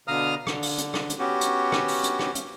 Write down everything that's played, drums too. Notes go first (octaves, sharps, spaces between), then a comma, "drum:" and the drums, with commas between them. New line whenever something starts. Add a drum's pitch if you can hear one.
B2 D3 F5 A#5 D#6 F6
D3, drum: rim click
drum: open hi-hat
drum: hi-hat
drum: rim click
drum: hi-hat
B3 C#4 F#4 G4
drum: hi-hat
drum: rim click
drum: open hi-hat
drum: hi-hat
drum: rim click
drum: hi-hat